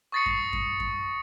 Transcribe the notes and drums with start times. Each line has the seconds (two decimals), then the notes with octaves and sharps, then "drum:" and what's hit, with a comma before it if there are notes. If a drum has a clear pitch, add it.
0.12 C#6 D#6 A6 A#6 C7 C#7
0.26 drum: kick F#2
0.53 drum: kick F#2
0.80 drum: kick F#2